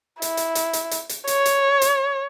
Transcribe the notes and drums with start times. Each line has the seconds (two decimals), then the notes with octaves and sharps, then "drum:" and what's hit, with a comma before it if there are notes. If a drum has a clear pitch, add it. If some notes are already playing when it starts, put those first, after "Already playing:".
0.22 E4, drum: hi-hat
0.37 drum: hi-hat
0.55 drum: hi-hat
0.73 drum: hi-hat
0.91 drum: hi-hat
1.09 drum: hi-hat
1.27 C#5, drum: hi-hat
1.45 drum: hi-hat
1.82 drum: hi-hat